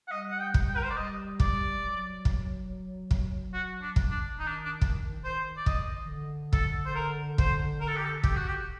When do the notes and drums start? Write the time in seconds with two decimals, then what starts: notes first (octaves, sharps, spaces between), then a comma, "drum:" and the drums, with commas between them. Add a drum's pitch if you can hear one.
0.08 F#5
0.11 G3 D#5
0.30 F#5
0.40 G5
0.54 drum: kick
0.68 G5
0.76 A#4
0.83 C5
0.90 D5
0.97 G3 D#5
1.40 D5, drum: kick
1.83 F#3
2.25 drum: kick
3.11 drum: kick
3.53 F#4
3.82 D4
3.96 drum: kick
4.10 D4
4.38 D#3 D#4
4.47 D4
4.65 D4
4.81 drum: kick
5.24 C5
5.57 D5
5.66 D#5, drum: kick
6.04 D#3
6.09 D3
6.53 A4, drum: kick
6.86 C5
6.95 A#4
7.38 C5, drum: kick
7.80 A#4
7.88 A4
7.97 G4
8.05 A4
8.24 G4, drum: kick
8.36 F#4
8.48 G4